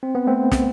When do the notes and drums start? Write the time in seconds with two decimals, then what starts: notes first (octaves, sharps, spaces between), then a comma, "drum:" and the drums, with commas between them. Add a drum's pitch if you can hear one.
0.03 C4
0.15 B3
0.27 A3 C4
0.52 drum: snare